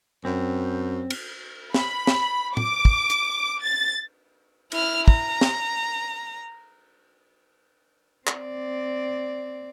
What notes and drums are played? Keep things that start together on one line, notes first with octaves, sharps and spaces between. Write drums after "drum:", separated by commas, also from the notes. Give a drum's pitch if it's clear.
F#2 C4
drum: cymbal
B5, drum: snare
drum: snare
D6, drum: tom A2
drum: kick
drum: hi-hat
A6
E4 F6, drum: cymbal
A#5, drum: kick
drum: snare
C4 D5, drum: clap